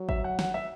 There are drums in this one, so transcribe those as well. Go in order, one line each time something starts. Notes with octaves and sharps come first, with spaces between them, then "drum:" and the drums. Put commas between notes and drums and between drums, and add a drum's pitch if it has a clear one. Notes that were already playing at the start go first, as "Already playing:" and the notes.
Already playing: F#3
E5, drum: kick
F#5
F#5, drum: snare
E5